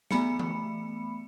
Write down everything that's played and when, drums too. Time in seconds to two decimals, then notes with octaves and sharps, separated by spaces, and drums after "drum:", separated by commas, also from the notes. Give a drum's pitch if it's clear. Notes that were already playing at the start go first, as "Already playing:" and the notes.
0.11 A3 B3 B5 C#7, drum: snare
0.39 drum: tom E3